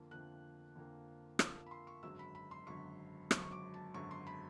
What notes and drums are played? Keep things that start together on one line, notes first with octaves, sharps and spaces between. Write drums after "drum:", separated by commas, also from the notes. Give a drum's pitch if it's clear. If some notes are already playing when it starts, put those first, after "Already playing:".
Already playing: F2 D3 F3 A#3
F2 D3 F3 A#3 F#6
F2 D3 F3 A#3
F2 D3 F3 A#3 E6, drum: rim click
B5
C6
C#6
G#1 F#2 D3 F#3 E6
B5
B5
C6
G#1 F#2 D3 F#3 C#6
G#1 F#2 D3 F#3 C#6, drum: rim click
C#6
D6
A5
G#1 F#2 D3 F#3 C#6
C6
B5